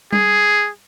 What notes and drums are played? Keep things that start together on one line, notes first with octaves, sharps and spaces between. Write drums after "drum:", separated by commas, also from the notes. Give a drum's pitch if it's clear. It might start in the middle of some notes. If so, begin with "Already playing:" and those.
G#4, drum: tom G3